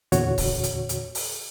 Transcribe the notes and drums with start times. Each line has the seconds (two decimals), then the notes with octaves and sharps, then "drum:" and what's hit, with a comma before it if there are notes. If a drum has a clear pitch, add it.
0.12 E2 A#2 D3 F#4 C#5, drum: hi-hat
0.38 drum: kick C#1, open hi-hat
0.63 drum: hi-hat
0.89 drum: hi-hat
1.15 drum: open hi-hat